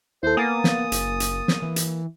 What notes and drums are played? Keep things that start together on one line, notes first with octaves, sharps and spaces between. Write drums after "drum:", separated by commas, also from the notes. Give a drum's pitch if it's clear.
D#2 E4 A4 C5
A#3 B3 G#5 D#6 A6
drum: snare
F#1, drum: hi-hat
drum: hi-hat
drum: snare
E3
drum: hi-hat